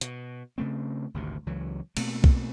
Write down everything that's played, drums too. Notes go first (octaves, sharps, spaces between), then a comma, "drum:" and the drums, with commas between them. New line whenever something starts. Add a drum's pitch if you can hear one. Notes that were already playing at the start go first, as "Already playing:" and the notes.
B2, drum: hi-hat
C#3 A3 C4
G#1 D2 C3
C#2 E3 F#3
B2 A3 A#3 C4, drum: cymbal
drum: kick B1